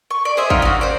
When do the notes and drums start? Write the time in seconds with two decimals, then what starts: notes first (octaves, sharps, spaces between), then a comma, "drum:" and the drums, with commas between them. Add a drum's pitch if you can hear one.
0.11 C#6
0.25 D5
0.37 G#4 C5 D#5 E5
0.50 D#4 F4 G4 F5, drum: kick
0.62 C#4 F#4
0.81 C5 D5